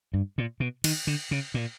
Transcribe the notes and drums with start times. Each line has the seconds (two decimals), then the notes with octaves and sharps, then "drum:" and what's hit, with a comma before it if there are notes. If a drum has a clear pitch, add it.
0.14 G2
0.38 A#2
0.60 B2
0.84 D#3, drum: cymbal
1.07 D3
1.31 C#3
1.54 A#2